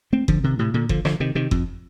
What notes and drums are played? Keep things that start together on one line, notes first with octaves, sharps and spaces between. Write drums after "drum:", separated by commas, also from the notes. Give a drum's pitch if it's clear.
A3 C4
D3 F3, drum: kick F#1
C3 D#3
A2 C3
A#2 D3
D3 F3, drum: kick F#1
D3 F3, drum: rim click
C3 D#3
C3 D#3
F2, drum: kick F#1